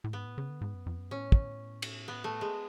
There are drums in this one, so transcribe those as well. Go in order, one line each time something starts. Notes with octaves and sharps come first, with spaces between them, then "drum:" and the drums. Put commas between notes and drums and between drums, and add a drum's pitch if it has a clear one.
A2
G#2 B3
A2
C#3
D3
G#2
F#2
F2
F#2
A2 C#4
drum: kick
drum: cymbal
B3
A3
G#3